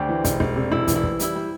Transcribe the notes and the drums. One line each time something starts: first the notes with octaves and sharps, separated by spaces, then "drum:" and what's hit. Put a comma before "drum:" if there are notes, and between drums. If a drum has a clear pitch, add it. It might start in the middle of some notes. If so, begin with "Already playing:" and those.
Already playing: D2 G4 C5 D5
E3
E1, drum: kick, hi-hat
E1, drum: kick
C3
E1 E4
E3, drum: kick, hi-hat
E4
E3, drum: kick
G3 E4, drum: hi-hat
G3